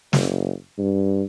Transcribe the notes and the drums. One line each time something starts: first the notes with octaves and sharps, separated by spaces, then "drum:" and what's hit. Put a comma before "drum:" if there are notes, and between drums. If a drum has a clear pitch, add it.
F#1, drum: snare
G2